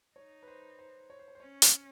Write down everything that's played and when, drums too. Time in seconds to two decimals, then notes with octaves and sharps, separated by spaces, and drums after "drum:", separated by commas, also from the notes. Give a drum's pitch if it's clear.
0.16 D#4 C#5
0.43 B4
0.48 C5
0.79 C5
1.10 C#5
1.19 C5
1.28 C#5
1.35 C5
1.40 C#4 C#5
1.62 drum: hi-hat